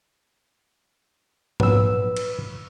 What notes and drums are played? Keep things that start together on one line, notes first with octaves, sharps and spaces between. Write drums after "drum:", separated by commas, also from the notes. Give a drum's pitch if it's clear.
A#1 F#3 B4 E6, drum: tom G#2
drum: cymbal